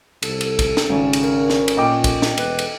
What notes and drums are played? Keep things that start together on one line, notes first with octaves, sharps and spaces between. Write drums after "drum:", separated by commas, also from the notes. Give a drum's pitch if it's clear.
C2 A4, drum: cymbal
drum: cymbal
drum: kick, cymbal
drum: snare
G#1 C#3 C#4
drum: cymbal
A#4
drum: snare
drum: cymbal
A#2 D#5 G5 D6
drum: kick, cymbal
drum: snare
E1 B4, drum: cymbal
drum: cymbal